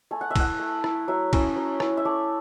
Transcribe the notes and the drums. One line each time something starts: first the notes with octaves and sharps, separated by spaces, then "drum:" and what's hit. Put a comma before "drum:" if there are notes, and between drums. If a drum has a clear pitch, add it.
A3 G#5
F#5
E5
E4 F#5, drum: kick, cymbal
A3
E4, drum: rim click
F#3 E5
C#4 E4, drum: kick, cymbal
F#3
C#4 E4, drum: rim click
E5
A3 D5